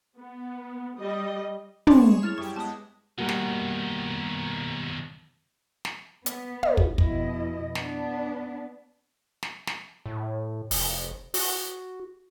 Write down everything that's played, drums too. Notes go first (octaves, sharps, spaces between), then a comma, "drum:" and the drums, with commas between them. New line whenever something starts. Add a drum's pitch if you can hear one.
B3
G3 D#5
G#4 C#5 B5 C6 D6 E7, drum: tom
E4 F6 A6 F7
F#2 G3 G4 C#6
G#3 B3 A5 D#6
B2 D#3 G3 A#3 F#4
drum: snare
drum: snare
B3, drum: hi-hat
drum: tom
drum: kick
F2 B2 E4 D#5, drum: kick
B3 D4, drum: snare
drum: snare
drum: snare
A2
F1, drum: open hi-hat
F#4, drum: open hi-hat